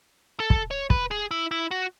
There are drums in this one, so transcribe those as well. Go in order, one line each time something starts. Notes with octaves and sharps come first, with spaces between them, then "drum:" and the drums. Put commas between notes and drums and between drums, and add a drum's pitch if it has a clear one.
A4
drum: kick
C#5
B4, drum: kick
G#4
E4
E4
F#4